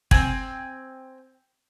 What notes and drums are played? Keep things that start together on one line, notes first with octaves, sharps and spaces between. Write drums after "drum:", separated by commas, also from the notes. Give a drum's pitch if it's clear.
C4 G#5, drum: kick